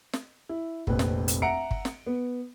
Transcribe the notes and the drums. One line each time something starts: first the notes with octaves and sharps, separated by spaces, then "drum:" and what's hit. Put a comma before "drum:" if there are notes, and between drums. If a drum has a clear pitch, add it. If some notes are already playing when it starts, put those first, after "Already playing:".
drum: snare
E4
F1 A#1 C4 B4, drum: kick
drum: snare
drum: hi-hat
E5 F#5 A#5 C#7 D7
drum: kick
drum: snare
B3